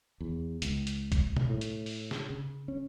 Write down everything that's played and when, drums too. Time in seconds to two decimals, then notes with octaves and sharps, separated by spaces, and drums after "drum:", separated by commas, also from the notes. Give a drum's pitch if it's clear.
0.21 E2
0.62 C#2, drum: hi-hat
0.87 drum: hi-hat
1.12 drum: kick A#1, hi-hat
1.37 drum: tom
1.49 A2
1.61 drum: hi-hat
1.86 drum: open hi-hat
2.11 drum: snare
2.30 C#3
2.68 C#4